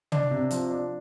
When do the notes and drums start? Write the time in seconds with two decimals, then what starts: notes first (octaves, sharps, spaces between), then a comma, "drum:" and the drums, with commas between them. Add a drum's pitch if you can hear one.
0.12 D4, drum: tom
0.31 C3
0.51 F3, drum: hi-hat
0.70 D4